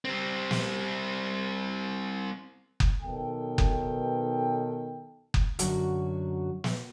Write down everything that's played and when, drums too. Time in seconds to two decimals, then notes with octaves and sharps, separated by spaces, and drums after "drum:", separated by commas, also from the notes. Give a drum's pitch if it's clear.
0.05 G3 C4
0.51 drum: snare
2.80 drum: kick F#1
3.02 B1 B2 D#3 A4 G5
3.58 drum: kick F#1
5.34 drum: kick F#1
5.59 F#2 D3 F#3 F#4, drum: hi-hat
6.64 drum: snare